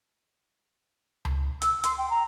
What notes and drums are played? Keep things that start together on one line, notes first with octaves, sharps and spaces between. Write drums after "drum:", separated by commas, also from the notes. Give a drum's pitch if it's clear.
drum: tom C#2
E6, drum: hi-hat
C6, drum: hi-hat
G5
A#5